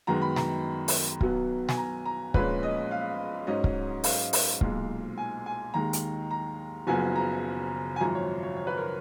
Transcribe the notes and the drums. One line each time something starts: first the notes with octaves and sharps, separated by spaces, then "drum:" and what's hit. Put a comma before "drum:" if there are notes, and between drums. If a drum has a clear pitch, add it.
F#2 D#3 G#3 B3 A#5
B5
A#5, drum: snare
drum: open hi-hat
B1 B2 F#3 B3, drum: kick
G#5, drum: snare
A#5
A#5
A#1 A#2 G#3 C#4 B4, drum: kick
D#5
F5
G#2 F#3 C#4 D#5
drum: kick
F5, drum: open hi-hat
drum: open hi-hat
B1 A#2 G#3, drum: kick
G#5
G#5
D#2 D#3 G#3 A#5
drum: hi-hat
A#5
F#1 F#2 C#3 F3 B3 G#5
A#5
G#5
G#1 F#2 F3 A#5
C#5
C#5
C#5
B4
A#4